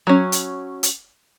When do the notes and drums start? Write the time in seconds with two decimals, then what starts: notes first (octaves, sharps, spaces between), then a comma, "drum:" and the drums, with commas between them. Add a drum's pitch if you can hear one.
0.07 F#3 C#4
0.32 drum: hi-hat
0.83 drum: hi-hat